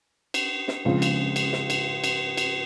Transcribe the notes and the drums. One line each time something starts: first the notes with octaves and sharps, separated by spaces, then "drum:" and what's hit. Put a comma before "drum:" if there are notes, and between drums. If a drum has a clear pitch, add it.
drum: cymbal
drum: snare
C#3 F3 G#3 C4 F4
drum: cymbal
drum: cymbal
drum: snare
drum: cymbal
drum: cymbal
drum: cymbal